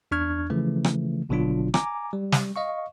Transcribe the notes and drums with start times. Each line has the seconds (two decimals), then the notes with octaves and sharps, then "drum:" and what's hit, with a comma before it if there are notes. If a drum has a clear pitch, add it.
0.11 E2 D4 C#6 F6 G#6
0.50 C#3 E3 F3 A3
0.84 drum: rim click
1.29 G1 B2 D3 F#3 D4 F4
1.74 G#5 A#5 D6, drum: rim click
2.13 G3
2.32 drum: snare
2.56 D#5 F5 C#6